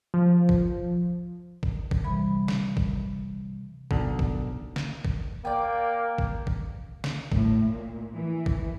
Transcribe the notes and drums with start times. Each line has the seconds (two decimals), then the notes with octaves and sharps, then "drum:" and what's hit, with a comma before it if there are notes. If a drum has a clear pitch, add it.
0.14 F3
0.49 drum: kick
1.63 drum: kick
1.91 drum: kick
2.04 C3 E3 G3 B5
2.48 drum: snare
2.77 drum: kick
3.91 B1 D3, drum: kick
4.19 drum: kick
4.76 drum: snare
5.05 drum: kick
5.45 A#3 D5 G5
6.18 drum: kick
6.47 drum: kick
7.04 drum: snare
7.32 A2, drum: kick
7.70 A#2
8.16 E3
8.46 drum: kick